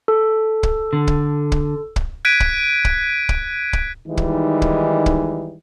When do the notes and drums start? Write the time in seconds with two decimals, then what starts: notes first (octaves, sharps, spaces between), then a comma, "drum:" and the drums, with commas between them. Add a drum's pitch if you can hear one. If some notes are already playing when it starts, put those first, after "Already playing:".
0.08 A4
0.63 drum: kick
0.93 D3
1.07 drum: kick
1.52 drum: kick
1.96 drum: kick
2.25 F#6 G#6 B6 D7 D#7
2.40 drum: kick
2.85 drum: kick
3.29 drum: kick
3.73 drum: kick
4.07 D#3 E3 G3 G#3 D#4
4.17 drum: kick
4.62 drum: kick
5.06 drum: kick